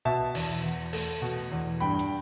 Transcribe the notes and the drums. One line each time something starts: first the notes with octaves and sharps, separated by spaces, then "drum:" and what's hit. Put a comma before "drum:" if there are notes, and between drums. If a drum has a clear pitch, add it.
B2 E5 A5
E2, drum: cymbal
drum: hi-hat
E2
A3, drum: cymbal
B2
E2
G2 G5 B5
drum: hi-hat